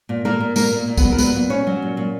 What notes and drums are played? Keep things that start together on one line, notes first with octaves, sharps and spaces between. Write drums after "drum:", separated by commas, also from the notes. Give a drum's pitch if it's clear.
A#2
A#2 A#3 A#4
A#2
A#2 A#3 A#4, drum: tambourine
A#2
A#2
B3 B4, drum: kick, tambourine
F#3
A#4
A#2 B3 B4, drum: tambourine
A#2
A#2 C#4 C#5
F#3
A#2
A#2